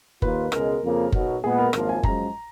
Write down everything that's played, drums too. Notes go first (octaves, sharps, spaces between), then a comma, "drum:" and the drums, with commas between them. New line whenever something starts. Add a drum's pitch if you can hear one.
D#2 D#3 A#3 F4 B4, drum: kick F#1
C#2 B2 G#3 A#4, drum: rim click
F2 C#3 F3 A#3
B1 B2 F#3, drum: kick F#1
A#2 G#3 B3 G#4
A#4
G#1 F#2 F3 A#3 F4 A#4, drum: rim click
G#5
F#2 F3 G#3 A#5, drum: kick F#1